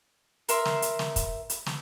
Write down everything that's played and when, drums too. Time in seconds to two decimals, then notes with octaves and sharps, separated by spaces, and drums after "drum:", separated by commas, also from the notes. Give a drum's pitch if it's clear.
0.49 A#4 E5 C6, drum: hi-hat
0.65 drum: snare
0.82 drum: hi-hat
0.99 drum: snare
1.16 drum: kick, hi-hat
1.50 drum: hi-hat
1.66 drum: snare